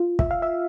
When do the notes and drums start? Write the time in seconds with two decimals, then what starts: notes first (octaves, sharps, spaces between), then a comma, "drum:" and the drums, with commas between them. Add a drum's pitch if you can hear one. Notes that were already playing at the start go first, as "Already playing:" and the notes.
Already playing: F4
0.19 E5, drum: kick
0.31 F5
0.42 E5